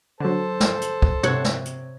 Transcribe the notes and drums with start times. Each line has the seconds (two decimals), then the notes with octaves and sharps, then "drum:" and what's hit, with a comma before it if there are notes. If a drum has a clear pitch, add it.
0.20 D3 F#3 A4 C5 A5
0.60 drum: snare
0.81 drum: hi-hat
1.02 drum: kick
1.23 C3 C#5 F#5 F#6, drum: tom
1.44 drum: snare
1.65 drum: hi-hat